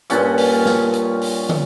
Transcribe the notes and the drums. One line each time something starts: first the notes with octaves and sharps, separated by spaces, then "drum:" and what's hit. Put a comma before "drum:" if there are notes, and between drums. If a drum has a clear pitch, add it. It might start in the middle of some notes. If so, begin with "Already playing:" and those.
G2 A#2 C#4 F#5, drum: hi-hat
drum: open hi-hat
drum: snare
drum: hi-hat
drum: open hi-hat
drum: tom